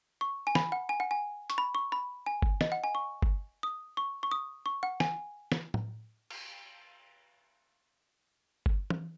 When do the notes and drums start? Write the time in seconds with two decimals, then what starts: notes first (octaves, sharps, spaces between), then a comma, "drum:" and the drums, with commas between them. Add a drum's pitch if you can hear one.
0.21 C#6
0.47 G#5
0.55 B5, drum: snare
0.72 F#5
0.89 G#5
1.00 F#5
1.11 G#5
1.50 C#6, drum: hi-hat
1.58 B5
1.75 C#6
1.92 B5
2.26 G#5
2.42 drum: kick F#1
2.61 D#5, drum: snare
2.72 F#5
2.84 G#5
2.95 C#6
3.22 drum: kick F#1
3.63 D#6
3.97 C#6
4.23 C#6
4.31 D#6
4.66 C#6
4.83 F#5
5.00 G#5, drum: snare
5.52 drum: snare
5.74 drum: tom A2
6.30 drum: cymbal
8.66 drum: kick F#1
8.90 drum: tom